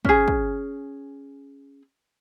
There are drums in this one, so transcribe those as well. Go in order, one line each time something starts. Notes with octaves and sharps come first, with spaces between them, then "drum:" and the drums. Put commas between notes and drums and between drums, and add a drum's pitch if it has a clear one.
C#4 G#4, drum: kick
drum: kick